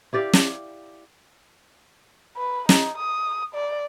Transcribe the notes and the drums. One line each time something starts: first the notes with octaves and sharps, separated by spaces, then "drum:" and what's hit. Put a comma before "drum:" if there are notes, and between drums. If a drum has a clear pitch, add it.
E4 G4 D5 F5
drum: snare
B4
D#4, drum: snare
D#6
D5